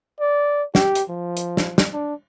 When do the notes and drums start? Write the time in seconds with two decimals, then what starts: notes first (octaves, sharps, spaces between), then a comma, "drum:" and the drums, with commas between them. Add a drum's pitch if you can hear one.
0.20 D5
0.75 G4, drum: snare
0.95 drum: hi-hat
1.09 F3
1.37 drum: hi-hat
1.57 drum: snare
1.78 drum: snare
1.93 D4